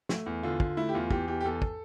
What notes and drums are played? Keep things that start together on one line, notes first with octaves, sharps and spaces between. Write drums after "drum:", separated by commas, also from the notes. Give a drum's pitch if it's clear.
A3, drum: snare
E2
D3 F4
D3, drum: kick
A3 E4
G4
E2 F4
E2 G4, drum: kick
E2 G4
G4
E2 A4
drum: kick